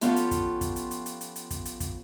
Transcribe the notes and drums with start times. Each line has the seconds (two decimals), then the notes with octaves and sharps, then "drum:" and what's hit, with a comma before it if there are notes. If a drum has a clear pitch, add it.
0.01 F3 B3 C#4 F4 G4 A4, drum: hi-hat
0.16 drum: hi-hat
0.31 drum: kick, hi-hat
0.61 drum: kick, hi-hat
0.76 drum: hi-hat
0.91 drum: hi-hat
1.06 drum: hi-hat
1.21 drum: hi-hat
1.36 drum: hi-hat
1.51 drum: kick, hi-hat
1.65 drum: hi-hat
1.80 drum: kick, hi-hat